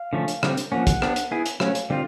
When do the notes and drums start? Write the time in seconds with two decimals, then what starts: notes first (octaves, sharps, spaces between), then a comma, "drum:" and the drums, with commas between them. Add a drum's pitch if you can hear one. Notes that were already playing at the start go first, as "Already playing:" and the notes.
Already playing: F5
0.13 D3 F3 A3 C#4
0.28 drum: hi-hat
0.43 D3 G3 C4, drum: rim click
0.57 drum: hi-hat
0.72 F3 A#3 C#4 F#5
0.87 drum: kick, hi-hat
1.02 B3 D4 G4, drum: rim click
1.16 drum: hi-hat
1.31 B3 E4 G#4
1.46 drum: hi-hat
1.60 F#3 A3 C#4 F5, drum: rim click
1.75 drum: hi-hat
1.90 D3 G3 C4 F4